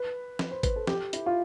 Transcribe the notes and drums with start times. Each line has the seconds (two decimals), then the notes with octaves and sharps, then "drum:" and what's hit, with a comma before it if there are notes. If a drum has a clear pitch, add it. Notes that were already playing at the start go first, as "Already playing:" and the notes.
Already playing: B4
0.39 drum: snare
0.51 C5
0.63 B4, drum: kick G#1, hi-hat
0.76 A4
0.87 G4, drum: snare
1.13 E4, drum: hi-hat
1.26 F4